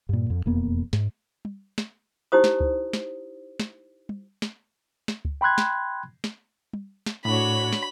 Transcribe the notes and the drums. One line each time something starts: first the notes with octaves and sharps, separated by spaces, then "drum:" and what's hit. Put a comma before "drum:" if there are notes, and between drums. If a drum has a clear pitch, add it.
G2 A#2
F2
E1 F2 A#3 B3
G#2, drum: snare
drum: tom
drum: snare
D#4 E4 G4 C5 D#6
drum: snare
drum: kick C#2
drum: snare
drum: snare
drum: tom
drum: snare
drum: snare
drum: kick C#2
G5 B5 C6 F#6 G#6
drum: snare
drum: snare
drum: tom
drum: snare
A2 D4 F#4 C#5 B5
drum: snare